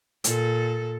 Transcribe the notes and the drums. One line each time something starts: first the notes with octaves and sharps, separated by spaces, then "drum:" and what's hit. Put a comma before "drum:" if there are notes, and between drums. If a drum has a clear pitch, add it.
A#2 A4, drum: hi-hat